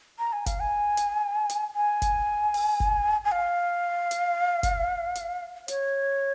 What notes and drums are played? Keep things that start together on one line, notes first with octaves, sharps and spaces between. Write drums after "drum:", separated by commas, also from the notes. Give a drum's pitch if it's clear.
A#5
G#5
F5, drum: kick F#1, hi-hat
G#5
drum: hi-hat
drum: hi-hat
G#5
drum: kick F#1, hi-hat
drum: open hi-hat
drum: kick F#1
G#5
F5
drum: hi-hat
drum: kick F#1, hi-hat
drum: hi-hat
C#5, drum: hi-hat